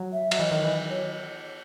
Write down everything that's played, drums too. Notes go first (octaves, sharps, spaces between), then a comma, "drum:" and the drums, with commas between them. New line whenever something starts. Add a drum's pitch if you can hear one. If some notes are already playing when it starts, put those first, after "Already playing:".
Already playing: F#3
E5
F#3, drum: cymbal
E3 D#5
D#3
E3
E3
C#5